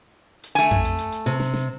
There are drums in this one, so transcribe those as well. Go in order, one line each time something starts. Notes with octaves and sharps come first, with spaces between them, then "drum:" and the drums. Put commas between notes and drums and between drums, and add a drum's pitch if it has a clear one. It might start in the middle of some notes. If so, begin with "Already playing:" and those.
drum: hi-hat
A3 G#5
drum: tom F2
drum: hi-hat
drum: hi-hat
drum: hi-hat
C3, drum: hi-hat
drum: snare
drum: snare